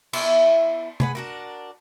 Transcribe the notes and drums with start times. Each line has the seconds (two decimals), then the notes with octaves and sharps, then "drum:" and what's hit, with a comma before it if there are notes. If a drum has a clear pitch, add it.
0.13 B3 E4 E5, drum: cymbal
1.00 G#4 B4 F#5, drum: tom C3
1.15 D4 F#4 A#4